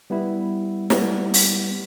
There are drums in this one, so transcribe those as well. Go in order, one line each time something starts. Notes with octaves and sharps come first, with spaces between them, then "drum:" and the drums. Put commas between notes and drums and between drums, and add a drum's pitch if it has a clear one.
G3 B3 E4
G3 B3 E4, drum: snare
drum: open hi-hat